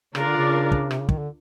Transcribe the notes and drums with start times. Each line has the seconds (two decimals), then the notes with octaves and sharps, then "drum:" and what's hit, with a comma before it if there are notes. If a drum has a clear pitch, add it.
0.15 C#3 D4 F4 A#4 D5, drum: rim click
0.26 D3
0.37 C#3
0.72 drum: kick
0.91 C3, drum: rim click
1.00 C#3
1.09 D#3, drum: kick
1.18 D3